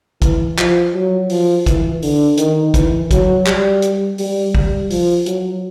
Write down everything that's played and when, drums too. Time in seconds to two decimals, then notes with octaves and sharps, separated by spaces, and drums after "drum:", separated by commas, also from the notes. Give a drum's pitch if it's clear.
0.22 E3, drum: kick, hi-hat
0.58 F3, drum: clap
0.94 F#3
1.30 F3, drum: open hi-hat
1.66 E3, drum: kick, hi-hat
2.02 D3, drum: open hi-hat
2.37 D#3, drum: hi-hat
2.74 E3, drum: kick, hi-hat
3.11 F#3, drum: kick, hi-hat
3.46 G3, drum: clap
3.82 drum: hi-hat
4.18 G3, drum: open hi-hat
4.55 G3, drum: kick
4.90 F3, drum: open hi-hat
5.26 F#3, drum: hi-hat